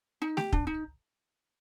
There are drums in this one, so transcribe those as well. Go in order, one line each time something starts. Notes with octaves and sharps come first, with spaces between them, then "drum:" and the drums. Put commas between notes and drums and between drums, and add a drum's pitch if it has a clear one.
D#4
G4, drum: snare
D4, drum: kick
D#4